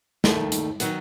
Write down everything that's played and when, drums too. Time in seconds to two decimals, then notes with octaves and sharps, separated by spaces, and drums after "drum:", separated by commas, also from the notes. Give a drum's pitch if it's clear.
0.24 D#2 D#3 A3, drum: snare
0.52 drum: hi-hat
0.80 D#3 F#3 B3, drum: hi-hat